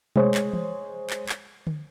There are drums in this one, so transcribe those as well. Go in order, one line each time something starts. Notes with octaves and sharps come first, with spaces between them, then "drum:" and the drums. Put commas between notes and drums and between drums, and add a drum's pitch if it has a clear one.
G#3 C5 C#5, drum: tom B2
drum: clap
drum: tom E3
drum: clap
drum: clap
drum: tom D3